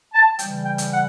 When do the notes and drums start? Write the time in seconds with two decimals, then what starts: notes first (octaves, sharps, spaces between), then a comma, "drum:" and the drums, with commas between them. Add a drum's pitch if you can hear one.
0.14 A5
0.39 C#3 E3 G3 G5, drum: hi-hat
0.65 G5
0.78 drum: hi-hat
0.92 F#5